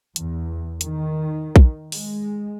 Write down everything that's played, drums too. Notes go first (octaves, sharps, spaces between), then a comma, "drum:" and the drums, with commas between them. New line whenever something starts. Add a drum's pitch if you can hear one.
E2, drum: hi-hat
D#3, drum: hi-hat
drum: kick
G#3, drum: open hi-hat